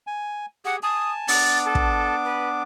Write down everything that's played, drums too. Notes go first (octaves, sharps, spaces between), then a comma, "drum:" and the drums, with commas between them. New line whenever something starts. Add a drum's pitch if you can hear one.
G#5
G4 G#4 F#5
G#5 A5 D#6
B3 D4 D6 A6, drum: open hi-hat
A4
drum: kick
B4